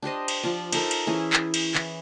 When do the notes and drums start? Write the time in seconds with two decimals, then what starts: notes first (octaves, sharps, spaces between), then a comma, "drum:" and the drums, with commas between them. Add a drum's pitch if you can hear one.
0.02 D4 G4 C5 D#5
0.28 drum: cymbal
0.43 F3 F4 D5
0.72 D#4 A4 A#4, drum: cymbal
0.91 drum: cymbal
1.07 E3 C#4 E4 G#4
1.33 drum: clap
1.54 drum: cymbal
1.75 E3, drum: clap